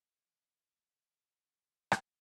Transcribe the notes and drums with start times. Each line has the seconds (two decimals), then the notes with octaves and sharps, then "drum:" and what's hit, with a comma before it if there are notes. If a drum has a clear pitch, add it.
0.14 E3 A5
1.92 drum: rim click